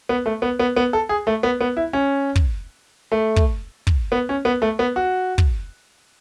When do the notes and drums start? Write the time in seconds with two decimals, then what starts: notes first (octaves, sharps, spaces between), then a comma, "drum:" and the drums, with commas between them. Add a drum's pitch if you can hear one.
0.09 B3
0.26 A3
0.42 B3
0.59 B3
0.76 B3
0.93 A4
1.09 G#4
1.27 A3
1.43 B3
1.61 B3
1.77 E4
1.93 C#4
2.36 drum: kick
3.12 A3
3.36 drum: kick
3.87 drum: kick
4.12 B3
4.29 C#4
4.45 B3
4.62 A3
4.79 B3
4.96 F#4
5.38 drum: kick